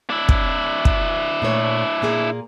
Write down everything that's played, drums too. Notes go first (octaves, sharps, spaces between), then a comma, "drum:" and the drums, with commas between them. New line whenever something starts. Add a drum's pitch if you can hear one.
D4 E4
drum: kick
drum: kick
A#2 A3 C#5
A#2 A#3 G#4